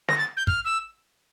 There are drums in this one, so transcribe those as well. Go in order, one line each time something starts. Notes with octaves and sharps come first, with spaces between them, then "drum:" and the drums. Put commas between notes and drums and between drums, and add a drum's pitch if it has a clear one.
A#6, drum: snare
A6
G6
F6, drum: kick
E6